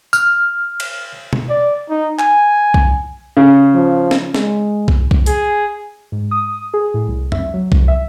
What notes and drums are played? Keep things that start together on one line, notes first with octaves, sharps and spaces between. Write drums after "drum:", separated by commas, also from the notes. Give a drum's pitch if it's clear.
F6, drum: tambourine
drum: cymbal
drum: tom B2
D5
D#4
G#5, drum: clap
drum: kick C2
C#3
F3
drum: snare
G#3, drum: snare
drum: kick C2
drum: kick C2
G#4, drum: hi-hat
G#2
D#6
G#4
A2
C2
E5, drum: tom
F#3
C2, drum: kick C2
E5